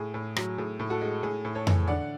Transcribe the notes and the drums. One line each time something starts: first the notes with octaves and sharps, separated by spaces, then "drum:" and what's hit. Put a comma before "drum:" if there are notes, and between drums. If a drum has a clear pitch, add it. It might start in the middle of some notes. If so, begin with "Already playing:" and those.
Already playing: A2 G#4
A2
F#3, drum: rim click
A2 G#4
A2
F#4 A4
G#3
A2 G#4
A2
A4 C#5
E3, drum: tom F2
D3 D5 F#5